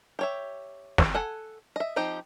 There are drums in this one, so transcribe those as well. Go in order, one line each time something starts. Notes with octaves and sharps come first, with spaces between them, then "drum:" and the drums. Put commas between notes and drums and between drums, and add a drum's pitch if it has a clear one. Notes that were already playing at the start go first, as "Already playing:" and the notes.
G4 C#5 E5
drum: snare
A4 F#5 G#5
D#5 E5
F3 C4 D#4 G4